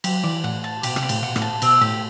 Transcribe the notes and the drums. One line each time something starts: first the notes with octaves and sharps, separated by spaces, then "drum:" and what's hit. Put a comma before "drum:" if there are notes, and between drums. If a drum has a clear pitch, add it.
F#3 G4, drum: cymbal
E3 D5
A2 F#5
A5
B2 G4, drum: cymbal
C3, drum: rim click
D5
A2, drum: cymbal
B2 F#5
A2, drum: rim click
A5
B2 C4, drum: cymbal
A2 G4